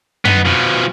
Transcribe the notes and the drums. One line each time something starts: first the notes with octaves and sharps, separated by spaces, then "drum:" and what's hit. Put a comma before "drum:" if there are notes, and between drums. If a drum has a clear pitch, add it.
B3 D#4, drum: tom
B2 F3